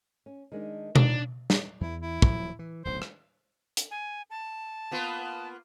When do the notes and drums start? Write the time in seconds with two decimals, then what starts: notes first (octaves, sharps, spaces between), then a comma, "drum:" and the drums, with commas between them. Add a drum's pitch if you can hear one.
0.26 C#4
0.52 D#3 G#3 D4
0.96 D#2 A#2 D4, drum: tom B2
1.50 drum: snare
1.81 E2 E4
2.01 E4
2.22 D#1 F3 F#3, drum: kick
2.59 E3
2.85 D1 B1 D3 C5
3.02 drum: rim click
3.77 drum: hi-hat
3.91 G#5
4.30 A5
4.91 A#3 B3 F4